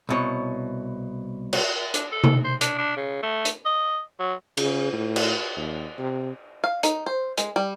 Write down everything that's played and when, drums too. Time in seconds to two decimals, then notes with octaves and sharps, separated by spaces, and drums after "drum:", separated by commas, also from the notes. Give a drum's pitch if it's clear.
0.09 C2 B2 C#5
1.53 drum: cymbal
1.94 D4, drum: hi-hat
2.12 A4
2.24 drum: tom C3
2.44 C5
2.61 D4, drum: hi-hat
2.78 D4
2.97 C#3
3.23 A3
3.45 drum: hi-hat
3.65 D#5
4.19 F#3
4.57 C#3, drum: cymbal
4.93 A2
5.16 drum: cymbal
5.56 D#2
5.99 C3
6.64 F5
6.83 D#4, drum: hi-hat
7.06 C5
7.37 G#3, drum: hi-hat
7.56 G3